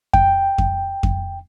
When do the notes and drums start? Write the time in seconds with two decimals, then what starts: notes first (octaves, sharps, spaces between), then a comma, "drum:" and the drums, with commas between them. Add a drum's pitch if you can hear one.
0.13 G5, drum: kick F2
0.58 drum: kick F2
1.03 drum: kick F2